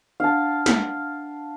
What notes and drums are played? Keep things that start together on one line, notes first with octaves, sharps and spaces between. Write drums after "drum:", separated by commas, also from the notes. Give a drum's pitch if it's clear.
D4 F5 F#5 A5
drum: snare